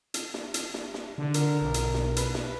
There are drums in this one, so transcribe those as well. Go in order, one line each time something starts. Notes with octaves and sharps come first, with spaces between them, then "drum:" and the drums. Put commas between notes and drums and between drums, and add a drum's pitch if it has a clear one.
drum: hi-hat
drum: snare
drum: hi-hat
drum: snare
drum: snare
D3
A#4, drum: hi-hat
B1
drum: hi-hat
drum: snare
B4, drum: hi-hat
drum: snare